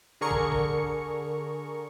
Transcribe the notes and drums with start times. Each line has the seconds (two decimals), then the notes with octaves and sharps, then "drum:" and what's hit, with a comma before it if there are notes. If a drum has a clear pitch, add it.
0.21 D3 G#4 A#4 A#5 C#6 C#7
0.31 drum: kick
0.52 drum: kick